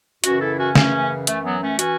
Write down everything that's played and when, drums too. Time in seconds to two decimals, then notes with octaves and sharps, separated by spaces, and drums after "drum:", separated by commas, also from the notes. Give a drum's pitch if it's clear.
0.24 F#2 C#3 E3 C#4 F#4, drum: hi-hat
0.41 E4 A4
0.58 C#4 F#4
0.75 F#2 C#3 E3 A3 C#4, drum: snare
1.27 F#2 E3 A3, drum: hi-hat
1.45 F#3 B3
1.62 A3 C#4
1.79 E3 C#4 F#4, drum: hi-hat